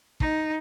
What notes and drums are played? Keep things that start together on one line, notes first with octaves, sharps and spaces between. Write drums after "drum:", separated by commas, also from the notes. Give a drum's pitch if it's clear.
D#4, drum: kick